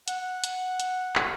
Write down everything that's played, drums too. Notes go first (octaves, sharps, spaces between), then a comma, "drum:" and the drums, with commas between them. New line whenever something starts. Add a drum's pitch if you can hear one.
F#5, drum: hi-hat
drum: hi-hat
drum: hi-hat
drum: clap